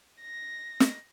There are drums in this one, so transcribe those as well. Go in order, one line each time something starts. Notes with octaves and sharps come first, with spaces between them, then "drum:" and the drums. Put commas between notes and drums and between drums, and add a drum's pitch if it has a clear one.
A#6
drum: snare